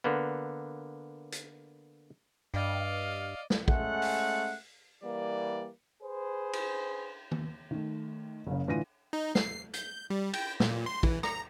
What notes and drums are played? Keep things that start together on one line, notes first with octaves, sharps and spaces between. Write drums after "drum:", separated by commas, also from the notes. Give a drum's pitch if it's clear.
D3 A#3 B3
drum: hi-hat
G2 D5 D#5 F5
drum: snare
G#3 A3 C#4 F#5, drum: kick
drum: open hi-hat
E3 G3 A#3 D5
G#4 B4 C5
drum: cymbal
drum: tom D#3
D#3 A3
F#1 C#3
A2 D3 E3 F4 A#6 D#7
D#4
C7, drum: snare
G6, drum: hi-hat
G3
G5, drum: cymbal
A#2, drum: snare
C6
E3, drum: kick
A#5, drum: rim click